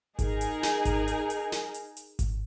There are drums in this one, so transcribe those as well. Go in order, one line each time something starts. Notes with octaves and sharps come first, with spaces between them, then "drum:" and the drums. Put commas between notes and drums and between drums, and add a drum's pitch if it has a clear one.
D#4 G#4 A#4, drum: kick G#1, hi-hat
drum: hi-hat
drum: snare
drum: kick G#1, hi-hat
drum: hi-hat
drum: hi-hat
drum: snare
drum: hi-hat
drum: hi-hat
drum: kick G#1, hi-hat